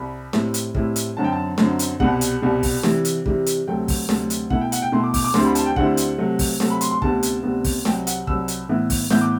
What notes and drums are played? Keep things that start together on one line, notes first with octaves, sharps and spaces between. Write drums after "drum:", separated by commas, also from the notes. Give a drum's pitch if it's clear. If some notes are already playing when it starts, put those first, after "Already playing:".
Already playing: C2 B5
A2 G3 C4 E4, drum: snare
drum: hi-hat
A2 G3 C4 E4, drum: kick
drum: hi-hat
F#2 D3 F#3 C4 A5
G5
A5
F#2 D3 F#3 C4, drum: snare
drum: hi-hat
C2 B2 G3 F#5, drum: kick
drum: hi-hat
C2 B2 G3
drum: kick, open hi-hat
C3 E3 G3, drum: snare
drum: hi-hat
C3 E3 G3, drum: kick
drum: hi-hat
D2 C3 F#3 A3 G5
drum: kick, open hi-hat
D2 C3 F#3 A3, drum: snare
drum: hi-hat
B2 A3 E4 F#5, drum: kick
G5
F#5, drum: hi-hat
G5
B2 A3 E4 C6
D6
D6, drum: kick, open hi-hat
D6
D2 D3 G3 C4 E4 C6, drum: snare
B5
A5, drum: hi-hat
G5
D2 D3 G3 C4 E4 F#5, drum: kick
drum: hi-hat
C3 F#3 A3
drum: kick, open hi-hat
C3 F#3 A3, drum: snare
B5
C6, drum: hi-hat
C6
D2 C3 G3 B3 A5, drum: kick
drum: hi-hat
D2 C3 G3 B3
drum: kick, open hi-hat
C2 C3 F#3 G5, drum: snare
F#5, drum: hi-hat
C2 C3 F#3 E6, drum: kick
drum: hi-hat
A2 E3 B3 E4
drum: kick, open hi-hat
A2 E3 B3 E4 G6, drum: snare
D6